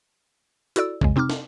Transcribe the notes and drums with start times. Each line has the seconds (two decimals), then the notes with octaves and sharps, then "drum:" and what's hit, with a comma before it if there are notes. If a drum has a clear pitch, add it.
0.76 E4 F#4 A4 D5 E6, drum: hi-hat
1.01 F2 C#3 G#3, drum: kick
1.16 C3 C4 D#4 D6 F6
1.30 drum: snare